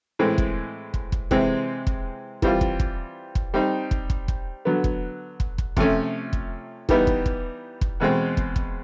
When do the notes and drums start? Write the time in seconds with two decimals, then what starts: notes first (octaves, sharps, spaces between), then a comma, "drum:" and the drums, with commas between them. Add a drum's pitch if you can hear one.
0.19 A2 E3 G#3 C4
0.38 drum: kick
0.94 drum: kick
1.12 drum: kick
1.31 C3 E3 G#3 C4, drum: kick
1.87 drum: kick
2.42 E3 G3 C4 F4, drum: kick
2.61 drum: kick
2.80 drum: kick
3.35 drum: kick
3.54 G3 C4 D#4
3.91 drum: kick
4.10 drum: kick
4.28 drum: kick
4.65 D3 F#3 B3
4.84 drum: kick
5.40 drum: kick
5.58 drum: kick
5.77 C3 F3 A3 C#4, drum: kick
6.33 drum: kick
6.89 E3 G3 B3 D#4, drum: kick
7.07 drum: kick
7.26 drum: kick
7.81 drum: kick
8.00 E2 B2 G#3 C4
8.37 drum: kick
8.56 drum: kick